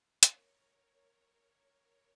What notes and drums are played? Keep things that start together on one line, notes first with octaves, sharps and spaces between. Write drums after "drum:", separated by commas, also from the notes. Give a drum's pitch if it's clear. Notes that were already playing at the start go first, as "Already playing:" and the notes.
A#4 C#5, drum: hi-hat